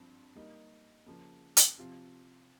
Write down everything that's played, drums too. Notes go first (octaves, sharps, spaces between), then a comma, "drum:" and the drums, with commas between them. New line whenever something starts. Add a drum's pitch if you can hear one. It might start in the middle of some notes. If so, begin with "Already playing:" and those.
Already playing: G2 F3 C4
G3 A#3 D#4
C#3 F3 A#3
drum: hi-hat
C3 F3 C4 F4